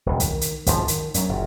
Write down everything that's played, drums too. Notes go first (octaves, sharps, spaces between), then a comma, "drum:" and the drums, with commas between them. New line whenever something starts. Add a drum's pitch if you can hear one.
E1 C#2
D#3, drum: kick, hi-hat
drum: hi-hat
G#1 F#2 B2 F3, drum: kick, hi-hat
D#3, drum: hi-hat
F#2 F#3, drum: hi-hat
F#1 A#2